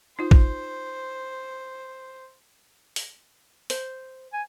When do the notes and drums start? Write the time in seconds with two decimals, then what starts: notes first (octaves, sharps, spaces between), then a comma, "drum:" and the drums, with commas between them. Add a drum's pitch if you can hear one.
0.19 D#4 F4 C5
0.31 drum: kick A1
2.96 drum: open hi-hat
3.70 C5, drum: open hi-hat
4.33 G#5